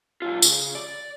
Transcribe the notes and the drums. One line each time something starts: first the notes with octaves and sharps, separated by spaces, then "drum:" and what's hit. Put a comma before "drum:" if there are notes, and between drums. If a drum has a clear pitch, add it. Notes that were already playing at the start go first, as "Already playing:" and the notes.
B1 F4
C#3, drum: tambourine
D5